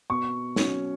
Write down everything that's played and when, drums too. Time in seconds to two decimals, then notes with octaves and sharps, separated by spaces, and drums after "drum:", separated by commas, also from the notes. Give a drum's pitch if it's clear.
0.10 B2 C#6
0.56 F#3 C#4, drum: snare